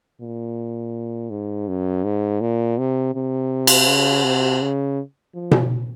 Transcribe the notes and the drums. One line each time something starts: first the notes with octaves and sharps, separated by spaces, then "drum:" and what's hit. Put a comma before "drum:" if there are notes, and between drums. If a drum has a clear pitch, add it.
A#2
G#2
F#2
G#2
A#2
C3
C3
drum: cymbal
C#3
C3
C#3
F3
drum: tom B2